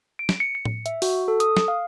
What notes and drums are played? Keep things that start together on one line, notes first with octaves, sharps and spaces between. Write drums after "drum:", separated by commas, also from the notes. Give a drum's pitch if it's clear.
D7
drum: snare
C#7
C#7
drum: tom A2
E5, drum: hi-hat
F#4, drum: open hi-hat
A4
D#6, drum: hi-hat
drum: snare
F5